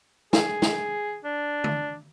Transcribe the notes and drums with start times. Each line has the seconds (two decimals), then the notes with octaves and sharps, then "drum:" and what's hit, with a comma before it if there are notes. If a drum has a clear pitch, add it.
0.33 G#4, drum: snare
0.62 drum: snare
1.24 D4
1.64 drum: tom